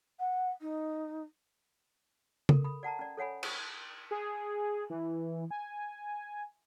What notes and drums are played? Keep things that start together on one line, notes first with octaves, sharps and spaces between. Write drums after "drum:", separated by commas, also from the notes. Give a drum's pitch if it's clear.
F#5
D#4
A4 A#4, drum: tom C#3
B5 D#6
D5 F#5 A5 A#5
C#4 D5
A4 C#5 F#5 G#5 B5
C5 C#6, drum: cymbal
G#4
E3
G#5